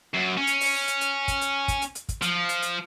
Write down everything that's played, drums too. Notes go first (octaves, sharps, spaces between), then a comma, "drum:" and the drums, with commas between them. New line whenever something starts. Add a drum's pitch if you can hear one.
F#2
C#4
drum: hi-hat
drum: open hi-hat
drum: hi-hat
drum: hi-hat
drum: kick, hi-hat
drum: hi-hat
drum: kick, hi-hat
drum: hi-hat
drum: hi-hat
drum: kick, hi-hat
F3, drum: hi-hat
drum: hi-hat
drum: hi-hat